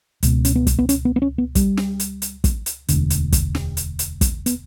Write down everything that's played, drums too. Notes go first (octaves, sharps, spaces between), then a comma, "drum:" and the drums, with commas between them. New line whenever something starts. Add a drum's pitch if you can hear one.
C#2 B2, drum: hi-hat
C#4, drum: hi-hat
B3
drum: kick, hi-hat
B3
C#4, drum: hi-hat
B3
B3
C#4
B3
G3, drum: kick, hi-hat
drum: snare
drum: hi-hat
drum: hi-hat
drum: kick, hi-hat
drum: hi-hat
E1 D2 D3, drum: hi-hat
drum: hi-hat
drum: kick, hi-hat
drum: snare
drum: hi-hat
drum: hi-hat
drum: kick, hi-hat
B3, drum: hi-hat